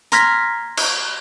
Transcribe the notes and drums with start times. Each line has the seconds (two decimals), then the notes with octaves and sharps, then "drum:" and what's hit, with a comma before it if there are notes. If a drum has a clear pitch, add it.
0.12 A#5 C6 F6 G#6 A#6 B6, drum: hi-hat
0.77 drum: cymbal